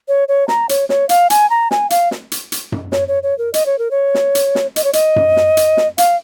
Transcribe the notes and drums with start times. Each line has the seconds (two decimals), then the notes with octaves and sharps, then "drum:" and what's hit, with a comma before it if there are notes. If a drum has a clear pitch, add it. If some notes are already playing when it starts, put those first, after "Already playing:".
0.08 C#5
0.28 C#5
0.48 A#5, drum: snare
0.69 C#5, drum: hi-hat
0.89 C#5, drum: snare
1.09 F5, drum: hi-hat
1.30 G#5, drum: hi-hat
1.50 A#5
1.71 G#5, drum: snare
1.90 F5, drum: hi-hat
2.11 drum: snare
2.32 drum: hi-hat
2.52 drum: hi-hat
2.72 drum: tom F#2
2.92 C#5, drum: snare
3.08 C#5
3.23 C#5
3.38 A#4
3.54 D#5, drum: hi-hat
3.66 C#5
3.78 A#4
3.91 C#5
4.15 drum: snare
4.35 drum: hi-hat
4.55 drum: snare
4.76 D#5, drum: hi-hat
4.84 C#5
4.93 D#5, drum: hi-hat
5.16 drum: tom F#2
5.37 drum: snare
5.57 drum: hi-hat
5.77 drum: snare
5.98 F5, drum: hi-hat